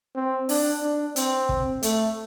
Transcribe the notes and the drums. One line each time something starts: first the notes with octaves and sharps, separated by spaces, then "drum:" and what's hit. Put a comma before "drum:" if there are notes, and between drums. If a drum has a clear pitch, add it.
C4
D4, drum: open hi-hat
D4
C4, drum: hi-hat
drum: kick
A3, drum: hi-hat